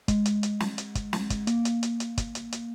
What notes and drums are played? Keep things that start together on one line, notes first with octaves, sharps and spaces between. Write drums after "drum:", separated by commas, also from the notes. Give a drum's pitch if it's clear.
G#3, drum: kick, hi-hat
drum: hi-hat
drum: hi-hat
drum: snare
drum: hi-hat
drum: kick, hi-hat
drum: snare
drum: kick, hi-hat
A#3, drum: hi-hat
drum: hi-hat
drum: hi-hat
drum: hi-hat
drum: kick, hi-hat
drum: hi-hat
drum: hi-hat